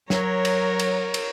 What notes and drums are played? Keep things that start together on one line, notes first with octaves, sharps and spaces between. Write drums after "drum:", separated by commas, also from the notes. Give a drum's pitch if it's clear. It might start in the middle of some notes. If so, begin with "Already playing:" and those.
F#3 A#4 C#5, drum: snare
drum: cymbal
drum: cymbal
drum: cymbal